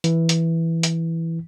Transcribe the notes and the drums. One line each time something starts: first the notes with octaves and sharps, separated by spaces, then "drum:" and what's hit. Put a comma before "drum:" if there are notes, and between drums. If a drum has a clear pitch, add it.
E3, drum: hi-hat
drum: hi-hat
drum: hi-hat